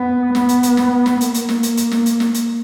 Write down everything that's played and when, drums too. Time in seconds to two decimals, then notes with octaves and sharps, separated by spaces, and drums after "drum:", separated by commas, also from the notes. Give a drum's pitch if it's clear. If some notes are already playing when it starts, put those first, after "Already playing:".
Already playing: B3
0.35 B3, drum: snare
0.49 drum: hi-hat
0.63 drum: hi-hat
0.77 drum: snare
1.06 drum: snare
1.21 A#3, drum: hi-hat
1.34 drum: hi-hat
1.49 drum: snare
1.63 drum: hi-hat
1.77 drum: hi-hat
1.92 drum: snare
2.06 drum: hi-hat
2.20 drum: snare
2.34 drum: hi-hat